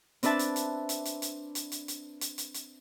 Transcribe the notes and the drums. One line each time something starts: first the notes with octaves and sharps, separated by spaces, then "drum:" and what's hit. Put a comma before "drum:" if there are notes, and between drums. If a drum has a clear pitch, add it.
C4 D4 B4 E5 A5, drum: hi-hat
drum: hi-hat
drum: hi-hat
drum: hi-hat
drum: hi-hat
drum: hi-hat
drum: hi-hat
drum: hi-hat
drum: hi-hat
drum: hi-hat
drum: hi-hat
drum: hi-hat